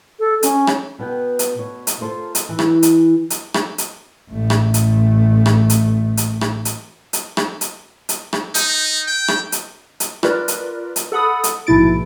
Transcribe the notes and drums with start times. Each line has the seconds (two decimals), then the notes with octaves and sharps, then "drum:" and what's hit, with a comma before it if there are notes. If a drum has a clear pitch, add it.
0.19 A4
0.43 C#4, drum: hi-hat
0.67 drum: rim click
0.99 B2 B3 G5
1.39 drum: hi-hat
1.59 B2 C#5
1.87 drum: hi-hat
2.01 F4 A4 A#4 C5
2.35 drum: hi-hat
2.49 E3
2.59 drum: rim click
2.83 drum: hi-hat
3.30 drum: hi-hat
3.54 drum: rim click
3.78 drum: hi-hat
4.30 A1 A3
4.50 drum: rim click
4.74 drum: hi-hat
5.46 drum: rim click
5.70 drum: hi-hat
6.17 drum: hi-hat
6.41 drum: rim click
6.65 drum: hi-hat
7.13 drum: hi-hat
7.37 drum: rim click
7.61 drum: hi-hat
8.09 drum: hi-hat
8.33 drum: rim click
8.55 D#4, drum: hi-hat
9.07 G5
9.28 drum: rim click
9.52 drum: hi-hat
10.00 drum: hi-hat
10.23 F4 A#4 B4 D5, drum: rim click
10.48 drum: hi-hat
10.96 drum: hi-hat
11.12 A4 F#5 B5 D#6
11.44 drum: hi-hat
11.67 A#1 G#2 B2 E4 A6 D7